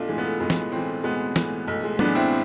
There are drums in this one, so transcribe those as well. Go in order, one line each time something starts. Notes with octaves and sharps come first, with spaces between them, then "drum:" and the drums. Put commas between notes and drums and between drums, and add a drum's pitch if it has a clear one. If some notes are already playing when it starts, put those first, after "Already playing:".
Already playing: B1 A3 D4 F4
A2 E3 G#3
B3
A3
B1 G#3 B3
drum: snare
A2 E3 A3 C4
B1 G#3 B3
A2 E3, drum: snare
B1 A3
G#3
A2 E3 B3 D4, drum: tom F#3
C4 E4